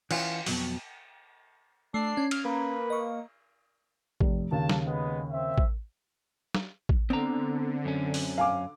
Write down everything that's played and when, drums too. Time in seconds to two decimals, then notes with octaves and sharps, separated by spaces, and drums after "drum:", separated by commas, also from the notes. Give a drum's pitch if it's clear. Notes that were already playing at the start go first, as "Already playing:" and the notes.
0.11 E3 C#4 F4, drum: cymbal
0.46 F2 B2 F#3, drum: open hi-hat
1.94 A3 D4 C7
2.17 C#4
2.31 F6, drum: cymbal
2.45 A#3 B4
2.90 D#5 C#6
4.20 F1, drum: kick A1
4.52 D#2 C#3 A5
4.69 drum: snare
4.87 G#3 B3 B5
5.32 C4 E5
5.58 drum: kick A1
6.55 drum: snare
6.89 drum: kick A1
7.10 D3 B3 C4 A#5
7.85 F#2 C#4
8.14 drum: open hi-hat
8.38 F5 G#5 D6